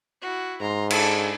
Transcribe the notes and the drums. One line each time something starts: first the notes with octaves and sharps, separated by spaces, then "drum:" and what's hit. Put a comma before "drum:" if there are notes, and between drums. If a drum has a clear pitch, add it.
E4 F#4
G#2 A#5 C6
D4 E4 G#4 A4, drum: cymbal